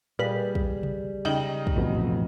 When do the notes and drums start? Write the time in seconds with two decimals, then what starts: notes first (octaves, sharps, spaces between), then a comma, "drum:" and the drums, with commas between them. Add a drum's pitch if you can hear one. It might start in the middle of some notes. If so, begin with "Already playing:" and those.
0.19 A#2 G3 G#4 B4 D#5
0.55 drum: kick
0.83 drum: tom C3
1.25 C#3 D#4 G5 F#7
1.67 drum: kick
1.76 A1 F2 B2
1.95 drum: tom A2